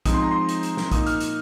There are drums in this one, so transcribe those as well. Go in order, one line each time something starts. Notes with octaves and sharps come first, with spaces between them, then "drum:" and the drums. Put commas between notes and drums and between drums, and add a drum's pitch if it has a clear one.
F3 G#3 C4 D#4 D#6, drum: kick, hi-hat
C6
A#5
C6
drum: hi-hat
drum: hi-hat
drum: snare
A#2 A#3 D#4 D#6, drum: kick, hi-hat
F6, drum: hi-hat
drum: hi-hat